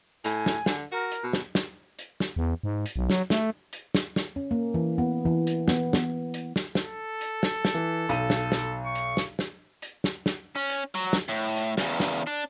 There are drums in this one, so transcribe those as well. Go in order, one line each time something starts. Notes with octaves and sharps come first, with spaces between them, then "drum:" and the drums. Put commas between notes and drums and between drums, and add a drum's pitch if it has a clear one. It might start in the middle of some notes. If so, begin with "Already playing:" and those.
A2 G#5, drum: hi-hat
drum: snare
D3, drum: snare
F#4 A#4
drum: hi-hat
B2
drum: snare
drum: snare
drum: hi-hat
drum: snare
E2
G#2
drum: hi-hat
B1
F#3, drum: snare
A3, drum: snare
drum: hi-hat
drum: snare
drum: snare
C#4
A#3
E3
B3
E3
drum: hi-hat
B3, drum: snare
B3, drum: snare
drum: hi-hat
drum: snare
A4, drum: snare
drum: hi-hat
drum: snare
drum: snare
E3
B1 D#7, drum: hi-hat
drum: snare
drum: snare
C#6
drum: hi-hat
drum: snare
drum: snare
drum: hi-hat
drum: snare
drum: snare
C#4
drum: hi-hat
F#3
drum: snare
A2
drum: hi-hat
E2 C#3, drum: snare
drum: snare
D4